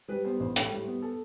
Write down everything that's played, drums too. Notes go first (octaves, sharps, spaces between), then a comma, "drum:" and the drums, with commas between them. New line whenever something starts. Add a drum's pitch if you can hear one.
G3 B4
B3 C5
A1 C5
A2, drum: hi-hat
G3
B3
A4